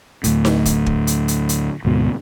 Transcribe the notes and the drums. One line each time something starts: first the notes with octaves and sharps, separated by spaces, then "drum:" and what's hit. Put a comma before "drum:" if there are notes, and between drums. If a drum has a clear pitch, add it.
D2 A2, drum: hi-hat
drum: snare D#4
drum: kick, hi-hat
drum: kick
drum: hi-hat
drum: hi-hat
drum: hi-hat
D2 G#2 B2